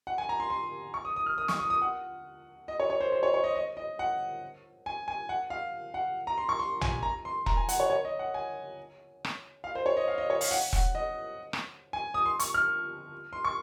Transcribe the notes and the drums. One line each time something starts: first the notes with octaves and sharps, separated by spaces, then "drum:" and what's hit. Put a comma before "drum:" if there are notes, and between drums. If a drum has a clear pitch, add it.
F#5
G#5
A#5
C6
C6
C#6
D#6
D#6
F6
D#6
C#6, drum: snare
D#6
D#6
F#5
D#5
C#5
C#5
C5
C5
C#5
C#5
D#5
D#5
D#5
F#5
G#5
G#5
F#5
F5
F#5
A#5
C6
C#6
C6
G#5, drum: tom A1
A#5
C6
A#5, drum: kick E1
G#5
F#5, drum: hi-hat
C#5
C#5
D#5
F#5
G#5
drum: rim click
F5
C5
C#5
D#5
F5
D#5
C#5
F5, drum: open hi-hat
F#5
F#5, drum: kick E1
D#5
drum: rim click
G#5
D#6
C6
C#6, drum: hi-hat
F6
C6
C#6